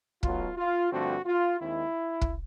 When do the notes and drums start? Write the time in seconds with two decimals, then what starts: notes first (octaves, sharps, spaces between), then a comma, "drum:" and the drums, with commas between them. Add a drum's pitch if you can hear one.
0.23 B1 B2 F#3 A3 F4, drum: kick
0.57 F4
0.91 G2 D3 F3 A3 C4 F#4
1.25 F4
1.59 D#2 D#3 G#3 C4 E4
2.21 drum: kick